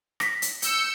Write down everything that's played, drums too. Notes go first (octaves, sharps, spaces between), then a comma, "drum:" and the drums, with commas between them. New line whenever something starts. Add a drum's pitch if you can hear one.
A#6 B6, drum: rim click
drum: hi-hat
E6 G6 C#7, drum: hi-hat